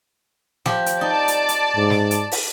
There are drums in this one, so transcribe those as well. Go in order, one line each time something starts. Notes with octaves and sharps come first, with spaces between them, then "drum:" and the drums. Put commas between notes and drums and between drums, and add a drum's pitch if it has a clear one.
F3 G4, drum: snare
drum: hi-hat
D#4 D5 A5 D6
drum: hi-hat
drum: hi-hat
G#2
drum: snare
drum: hi-hat
drum: open hi-hat